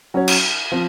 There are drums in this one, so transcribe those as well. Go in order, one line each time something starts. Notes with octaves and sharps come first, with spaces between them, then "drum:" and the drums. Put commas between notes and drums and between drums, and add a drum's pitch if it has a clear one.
F#3 C#4 F#4 C#5
drum: cymbal
F3 C4